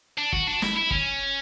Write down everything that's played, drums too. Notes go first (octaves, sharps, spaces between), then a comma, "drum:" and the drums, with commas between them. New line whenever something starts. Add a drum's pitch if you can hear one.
D4
F#4, drum: kick
D4
E4, drum: snare
E4
C#4, drum: kick